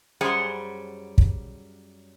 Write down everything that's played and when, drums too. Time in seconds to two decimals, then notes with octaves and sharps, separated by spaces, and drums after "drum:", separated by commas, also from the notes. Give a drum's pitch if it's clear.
0.21 F#2 G3 G#4 C5 F#5 G#5
1.18 drum: kick